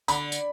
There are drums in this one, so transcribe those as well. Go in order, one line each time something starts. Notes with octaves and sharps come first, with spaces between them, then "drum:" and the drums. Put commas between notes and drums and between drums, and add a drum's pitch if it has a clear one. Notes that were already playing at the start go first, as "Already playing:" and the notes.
D3 B5, drum: tambourine
drum: tambourine